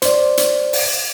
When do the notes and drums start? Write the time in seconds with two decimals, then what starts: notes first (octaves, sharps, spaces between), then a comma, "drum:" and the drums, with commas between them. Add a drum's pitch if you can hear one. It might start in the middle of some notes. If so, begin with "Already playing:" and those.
0.02 C5 D5, drum: hi-hat
0.37 drum: hi-hat
0.73 drum: open hi-hat